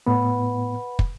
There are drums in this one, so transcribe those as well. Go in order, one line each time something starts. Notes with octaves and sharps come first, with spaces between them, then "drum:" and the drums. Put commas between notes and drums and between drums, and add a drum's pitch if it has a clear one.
A2 B3 B4 F#5 B5
drum: kick